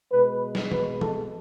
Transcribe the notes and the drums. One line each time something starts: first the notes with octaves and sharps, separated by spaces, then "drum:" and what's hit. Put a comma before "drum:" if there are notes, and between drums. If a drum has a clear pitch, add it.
B2 G#3 B4
drum: snare
B4, drum: tom
A4, drum: tom